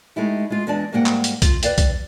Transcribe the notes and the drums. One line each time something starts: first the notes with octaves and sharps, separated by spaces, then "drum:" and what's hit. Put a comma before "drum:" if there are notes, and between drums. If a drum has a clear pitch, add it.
G#3 A3 D#4 E4 G4
G#3 F4
E2 G#3 D4 D5 A5
G#2 G3 A#3 F#5 G5
drum: clap
drum: hi-hat
F4, drum: kick B1, hi-hat
B4 D5 F5 G5, drum: hi-hat
drum: kick B1, hi-hat